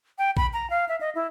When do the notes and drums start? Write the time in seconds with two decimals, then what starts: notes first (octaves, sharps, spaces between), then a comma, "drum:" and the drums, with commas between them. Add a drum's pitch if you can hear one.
0.18 G5
0.37 B5, drum: kick A#1
0.53 A#5
0.70 F5
0.89 E5
1.01 D#5
1.15 E4